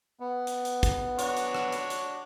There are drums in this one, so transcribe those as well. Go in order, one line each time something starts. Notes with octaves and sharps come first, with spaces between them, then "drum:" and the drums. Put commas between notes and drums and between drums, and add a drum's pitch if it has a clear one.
B3
drum: hi-hat
drum: hi-hat
drum: kick, hi-hat
D4 F#4 C#5, drum: hi-hat
drum: hi-hat
drum: rim click
drum: hi-hat
drum: hi-hat